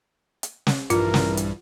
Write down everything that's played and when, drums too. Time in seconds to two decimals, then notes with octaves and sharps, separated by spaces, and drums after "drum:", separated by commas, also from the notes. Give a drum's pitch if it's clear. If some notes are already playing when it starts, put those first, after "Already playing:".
0.43 drum: hi-hat
0.67 drum: snare
0.90 A#1 G2 E3 G3 F4 A#4, drum: hi-hat
1.14 drum: snare
1.37 drum: hi-hat